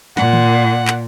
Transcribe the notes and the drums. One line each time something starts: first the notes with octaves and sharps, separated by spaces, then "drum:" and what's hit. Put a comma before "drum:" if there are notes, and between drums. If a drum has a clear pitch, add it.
A#2 F#5, drum: snare
drum: tom
drum: clap